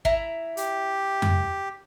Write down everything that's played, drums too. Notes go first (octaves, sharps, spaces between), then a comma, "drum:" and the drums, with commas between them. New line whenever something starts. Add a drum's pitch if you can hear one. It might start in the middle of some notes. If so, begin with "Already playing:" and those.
E4 A#5, drum: kick
G4, drum: hi-hat
drum: tom F2